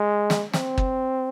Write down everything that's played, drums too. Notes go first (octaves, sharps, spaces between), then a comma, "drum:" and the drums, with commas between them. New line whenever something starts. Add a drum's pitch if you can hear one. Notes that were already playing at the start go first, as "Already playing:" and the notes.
Already playing: G#3
drum: snare
C4, drum: snare
drum: kick